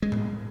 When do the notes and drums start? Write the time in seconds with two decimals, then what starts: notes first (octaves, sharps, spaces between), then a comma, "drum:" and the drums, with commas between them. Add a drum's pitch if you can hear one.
0.02 G#3
0.12 drum: tom A2